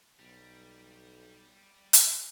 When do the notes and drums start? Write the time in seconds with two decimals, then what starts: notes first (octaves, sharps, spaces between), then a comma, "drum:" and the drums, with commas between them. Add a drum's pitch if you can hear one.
0.19 B1 G3
1.93 drum: hi-hat